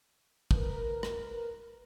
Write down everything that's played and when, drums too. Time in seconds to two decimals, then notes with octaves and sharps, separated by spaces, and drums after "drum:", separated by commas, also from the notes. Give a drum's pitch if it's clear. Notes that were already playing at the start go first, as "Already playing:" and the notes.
0.51 A#4 B4, drum: kick
1.03 drum: rim click